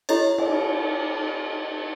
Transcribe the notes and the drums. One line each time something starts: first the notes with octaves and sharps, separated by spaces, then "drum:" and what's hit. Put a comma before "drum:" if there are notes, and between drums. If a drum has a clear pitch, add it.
E4 G4 A4 C#5 D#5, drum: cymbal
drum: cymbal